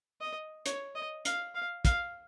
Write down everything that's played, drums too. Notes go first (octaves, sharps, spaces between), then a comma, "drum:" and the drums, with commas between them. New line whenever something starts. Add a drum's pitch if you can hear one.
D#5
C#5, drum: hi-hat
D#5
F5, drum: hi-hat
F5
F5, drum: kick, hi-hat